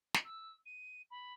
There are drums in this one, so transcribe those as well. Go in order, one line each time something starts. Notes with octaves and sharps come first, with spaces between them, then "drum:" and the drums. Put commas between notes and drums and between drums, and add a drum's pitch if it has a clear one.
drum: snare
E6
D#7
B5